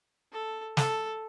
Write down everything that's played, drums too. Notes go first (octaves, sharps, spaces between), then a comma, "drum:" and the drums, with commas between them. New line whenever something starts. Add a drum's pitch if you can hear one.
A4
A4, drum: snare